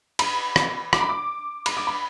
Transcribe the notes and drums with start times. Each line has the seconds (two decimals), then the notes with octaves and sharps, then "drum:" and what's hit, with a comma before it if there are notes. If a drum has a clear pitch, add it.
0.19 B5, drum: cymbal
0.56 drum: rim click
0.93 D6, drum: rim click
1.01 B5
1.09 D6
1.66 B5, drum: cymbal
1.77 D6
1.87 B5